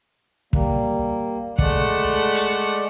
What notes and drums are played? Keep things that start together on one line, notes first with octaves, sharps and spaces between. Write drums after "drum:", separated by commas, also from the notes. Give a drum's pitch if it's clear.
G3 A#3, drum: kick
G#3 A3 D5 F#5, drum: kick
drum: hi-hat